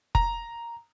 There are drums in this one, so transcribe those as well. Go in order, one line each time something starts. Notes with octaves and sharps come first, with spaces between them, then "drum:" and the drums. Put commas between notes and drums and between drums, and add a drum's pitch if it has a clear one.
A#5, drum: kick F1